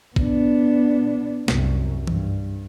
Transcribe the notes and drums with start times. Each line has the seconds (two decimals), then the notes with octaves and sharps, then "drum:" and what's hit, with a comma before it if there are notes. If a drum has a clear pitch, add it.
0.16 B3 D4, drum: kick
1.48 C2 F#2, drum: snare
2.07 G2, drum: tom E3